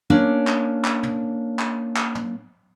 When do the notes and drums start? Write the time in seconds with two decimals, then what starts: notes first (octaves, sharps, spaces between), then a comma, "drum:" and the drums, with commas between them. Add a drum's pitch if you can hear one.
0.10 A#3 C#4 D4
0.47 drum: clap
0.85 drum: clap
1.03 drum: tom
1.59 drum: clap
1.96 drum: clap
2.15 drum: tom